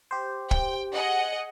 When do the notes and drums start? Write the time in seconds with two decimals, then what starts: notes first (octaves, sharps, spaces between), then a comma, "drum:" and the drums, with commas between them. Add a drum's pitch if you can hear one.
0.11 G4 C5
0.51 G5, drum: kick
0.93 G#4 D#5 F#5